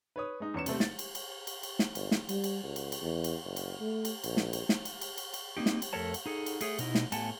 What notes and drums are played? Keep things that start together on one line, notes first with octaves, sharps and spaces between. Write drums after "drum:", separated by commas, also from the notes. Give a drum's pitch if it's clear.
B4 C#5 D#6
G#3 D#4
E2 C#4 C#7 E7
C3 G3 A3 C4, drum: cymbal
A6, drum: snare
drum: cymbal
drum: cymbal
drum: cymbal
drum: cymbal
drum: snare
G1, drum: cymbal
drum: snare
G3, drum: cymbal
drum: cymbal
C#2
drum: cymbal
drum: cymbal
E2
drum: cymbal
F#1
drum: cymbal
A3
drum: cymbal
A#1, drum: cymbal
drum: snare
drum: cymbal
drum: snare
drum: cymbal
drum: cymbal
drum: cymbal
drum: cymbal
A#3 C4 D#4 G4
drum: snare
drum: cymbal
F2 A3 A4 A#4 C#5 A5
drum: cymbal
D#4 G#4 A4
drum: cymbal
A3 G#4, drum: cymbal
B2 D#4 E4, drum: cymbal
drum: snare
A2 A3 B3 F#5 G#5 A5, drum: cymbal